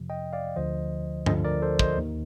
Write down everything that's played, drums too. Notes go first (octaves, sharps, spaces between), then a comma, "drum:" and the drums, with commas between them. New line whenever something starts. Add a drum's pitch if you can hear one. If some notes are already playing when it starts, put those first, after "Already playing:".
Already playing: F2 C3 F3
D#5 G5
D5 F5
D2 D3 F3 C5 D#5
D2 D3 F3 C5 D#5, drum: tom G2
A#4 D5
A4 C5
C5 D#5, drum: kick
D#2 D#3